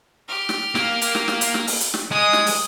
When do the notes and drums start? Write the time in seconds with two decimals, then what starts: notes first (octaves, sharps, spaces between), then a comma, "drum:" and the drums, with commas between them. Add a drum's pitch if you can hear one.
0.28 G4 F6
0.49 drum: snare
0.75 A#3, drum: snare
1.01 drum: hi-hat
1.15 drum: snare
1.28 drum: snare
1.41 drum: hi-hat
1.54 drum: snare
1.67 drum: open hi-hat
1.80 drum: hi-hat
1.94 drum: snare
2.12 G#3 D#6
2.33 drum: snare
2.46 drum: open hi-hat